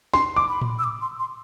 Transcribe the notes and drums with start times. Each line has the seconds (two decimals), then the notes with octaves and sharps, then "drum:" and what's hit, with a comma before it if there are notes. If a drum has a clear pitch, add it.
0.14 C6, drum: snare
0.36 D6
0.49 B5
0.61 drum: tom A2
0.79 E6
0.84 D6
1.02 C6
1.19 C6